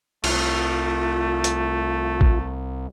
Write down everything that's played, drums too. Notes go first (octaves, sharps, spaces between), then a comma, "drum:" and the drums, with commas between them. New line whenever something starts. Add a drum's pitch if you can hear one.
C2 A3 F4, drum: cymbal
drum: hi-hat
drum: kick A1